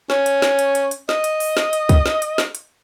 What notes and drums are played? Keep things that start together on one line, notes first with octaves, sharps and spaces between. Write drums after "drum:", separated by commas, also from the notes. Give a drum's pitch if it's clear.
C#4, drum: snare
drum: hi-hat
drum: snare
drum: hi-hat
drum: hi-hat
drum: hi-hat
D#5, drum: snare
drum: hi-hat
drum: open hi-hat
drum: snare
drum: hi-hat
drum: kick, hi-hat
drum: snare
drum: hi-hat
drum: snare
drum: hi-hat